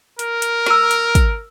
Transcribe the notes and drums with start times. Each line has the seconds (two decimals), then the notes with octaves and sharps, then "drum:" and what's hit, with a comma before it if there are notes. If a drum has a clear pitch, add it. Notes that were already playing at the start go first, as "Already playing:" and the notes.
0.19 A#4, drum: hi-hat
0.42 drum: hi-hat
0.66 A#5 E6, drum: snare
0.91 drum: hi-hat
1.15 drum: kick, hi-hat